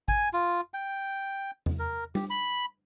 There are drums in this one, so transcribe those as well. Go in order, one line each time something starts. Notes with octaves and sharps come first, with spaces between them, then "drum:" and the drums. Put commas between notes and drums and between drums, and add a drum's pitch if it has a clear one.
G#5, drum: kick G#1
F4
G5
drum: tom E2
A#4
G4, drum: tom G3
B5